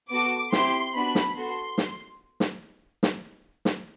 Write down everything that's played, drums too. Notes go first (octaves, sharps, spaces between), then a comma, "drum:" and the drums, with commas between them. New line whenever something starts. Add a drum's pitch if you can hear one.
B3 F#4 A4 D6
C4 E4 G4 C6, drum: snare
B3 D4 F#4 B5
drum: snare
B3 F#4 A4 C6
drum: snare
drum: snare
drum: snare
drum: snare